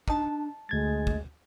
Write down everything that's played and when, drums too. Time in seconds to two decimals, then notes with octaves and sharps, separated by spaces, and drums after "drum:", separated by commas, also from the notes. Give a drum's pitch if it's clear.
0.08 D4 D#4 A5, drum: kick
0.69 D2 G#3 G#6 A6
1.07 drum: kick